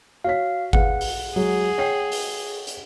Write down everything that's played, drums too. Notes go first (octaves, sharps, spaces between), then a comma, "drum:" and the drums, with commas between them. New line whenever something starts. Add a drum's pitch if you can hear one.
F#4 C#5 F5 B6
G#4 B4 F5 F#5, drum: kick G1
drum: open hi-hat
F#3 G#3 G#4
C#5 G5 C7
drum: open hi-hat
drum: hi-hat